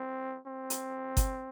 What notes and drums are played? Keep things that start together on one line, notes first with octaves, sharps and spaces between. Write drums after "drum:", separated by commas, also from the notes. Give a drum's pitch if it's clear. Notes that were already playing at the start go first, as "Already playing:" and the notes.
Already playing: C4
C4
drum: hi-hat
drum: kick G1, hi-hat